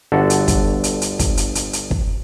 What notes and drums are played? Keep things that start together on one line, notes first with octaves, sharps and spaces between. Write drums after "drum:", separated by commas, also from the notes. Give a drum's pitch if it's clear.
G1 D3 F#4 A4 F#5
drum: hi-hat
drum: kick, hi-hat
drum: hi-hat
drum: hi-hat
drum: kick, hi-hat
drum: hi-hat
drum: hi-hat
drum: hi-hat
drum: kick